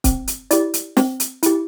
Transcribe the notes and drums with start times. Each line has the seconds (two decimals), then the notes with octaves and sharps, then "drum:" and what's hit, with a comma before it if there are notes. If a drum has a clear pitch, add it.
0.04 C4, drum: kick C#1, hi-hat
0.27 drum: hi-hat
0.51 E4 G4 D5, drum: hi-hat
0.74 drum: hi-hat
0.97 C4, drum: snare
1.20 drum: hi-hat
1.43 E4 G4, drum: hi-hat